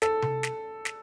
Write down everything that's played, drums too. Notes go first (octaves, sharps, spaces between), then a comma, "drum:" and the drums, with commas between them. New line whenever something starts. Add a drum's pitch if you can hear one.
A4, drum: snare
drum: tom C3
drum: snare
drum: snare